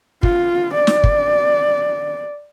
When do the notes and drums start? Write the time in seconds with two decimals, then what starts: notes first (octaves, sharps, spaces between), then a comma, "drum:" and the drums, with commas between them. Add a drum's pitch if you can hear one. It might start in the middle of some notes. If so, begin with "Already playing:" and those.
0.23 F4, drum: kick
0.75 D5
0.87 drum: snare
1.04 drum: kick